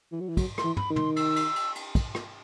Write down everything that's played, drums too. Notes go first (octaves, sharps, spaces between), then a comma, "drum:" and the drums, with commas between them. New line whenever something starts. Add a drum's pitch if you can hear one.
E3
F#3
E3
F#3, drum: kick, cymbal
C6, drum: rim click
E3
B5, drum: tom
D#3
C6, drum: tom
E6, drum: cymbal
drum: cymbal
drum: cymbal
drum: cymbal
drum: kick, cymbal
drum: rim click